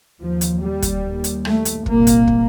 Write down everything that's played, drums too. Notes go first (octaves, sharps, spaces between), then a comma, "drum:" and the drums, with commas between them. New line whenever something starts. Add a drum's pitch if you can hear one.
D#2 F3
drum: hi-hat
G3
drum: kick, hi-hat
D#2
drum: hi-hat
A3, drum: rim click
drum: hi-hat
C2 A#2 A#3, drum: kick
drum: kick, hi-hat
drum: kick